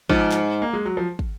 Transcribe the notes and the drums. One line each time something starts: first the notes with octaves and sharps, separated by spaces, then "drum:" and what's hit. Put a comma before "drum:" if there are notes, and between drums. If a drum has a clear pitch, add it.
G#2 F3, drum: kick
drum: clap
A#3
G#3
F#3
F3
drum: kick